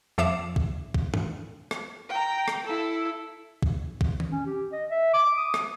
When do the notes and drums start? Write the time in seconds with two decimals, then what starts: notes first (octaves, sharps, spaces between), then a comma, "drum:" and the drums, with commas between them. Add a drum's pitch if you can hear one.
0.18 F2 F3 E5 D6 C7 E7
0.56 drum: kick
0.94 drum: kick
1.14 drum: tom G2
1.71 drum: rim click
2.09 G5 A#5
2.48 drum: rim click
2.65 E4 A4
3.63 drum: kick
4.01 drum: kick
4.20 drum: tom D#3
4.32 C#4
4.47 G4
4.73 D#5
4.91 E5
5.14 D6
5.38 D#6
5.54 drum: rim click